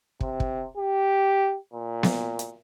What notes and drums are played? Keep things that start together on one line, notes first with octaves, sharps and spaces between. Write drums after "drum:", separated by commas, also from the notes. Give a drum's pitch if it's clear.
C3, drum: kick
drum: kick
G4
A#2
drum: snare B3
drum: hi-hat